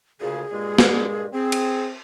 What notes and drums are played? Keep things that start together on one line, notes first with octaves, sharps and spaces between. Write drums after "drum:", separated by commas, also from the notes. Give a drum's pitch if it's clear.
D2 A#2 C#3 G#4
G2 A#2 G#3
drum: snare
C4 G#4
drum: cymbal